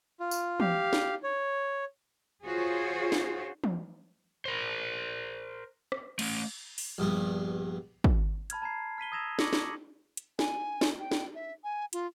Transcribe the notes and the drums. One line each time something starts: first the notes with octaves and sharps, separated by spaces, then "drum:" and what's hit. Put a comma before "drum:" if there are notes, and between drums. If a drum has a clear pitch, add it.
F4
drum: tambourine
G4 F5, drum: tom E3
drum: snare
C#5
F4 F#4 G#4 C5 C#5
drum: snare
drum: tom E3
A#4 C5
drum: rim click
A3 C#4, drum: cymbal
drum: open hi-hat
A#1 G2 B3
drum: kick
A5 B5 F6 G#6, drum: hi-hat
A5 A#5 G#6 C7
F6 B6 D#7 G7
D#6 E6 G#6 A#6 E7 F7
C#6 D6 A#6 C#7 F#7, drum: snare
drum: snare
drum: hi-hat
G#5, drum: snare
drum: snare
G5
drum: snare
E5
G#5
F4, drum: hi-hat